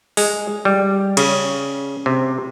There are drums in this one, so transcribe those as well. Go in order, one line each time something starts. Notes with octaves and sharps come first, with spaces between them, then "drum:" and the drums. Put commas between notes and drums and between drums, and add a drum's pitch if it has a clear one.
G#3, drum: open hi-hat
G3
C#3, drum: cymbal
C3